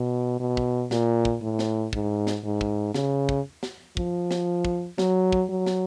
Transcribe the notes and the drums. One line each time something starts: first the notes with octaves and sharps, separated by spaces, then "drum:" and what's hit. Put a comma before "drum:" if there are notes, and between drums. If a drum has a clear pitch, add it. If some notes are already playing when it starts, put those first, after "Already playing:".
Already playing: B2
B2
drum: kick
A#2, drum: snare
drum: kick
A2
drum: snare
G#2, drum: kick
drum: snare
G#2
drum: kick
C#3, drum: snare
drum: kick
drum: snare
F3, drum: kick
drum: snare
drum: kick
F#3, drum: snare
drum: kick
F#3
drum: snare